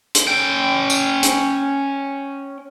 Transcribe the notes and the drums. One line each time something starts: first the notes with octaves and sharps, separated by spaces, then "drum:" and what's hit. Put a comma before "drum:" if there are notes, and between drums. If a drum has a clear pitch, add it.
drum: hi-hat
C#4 G5
drum: tambourine
drum: hi-hat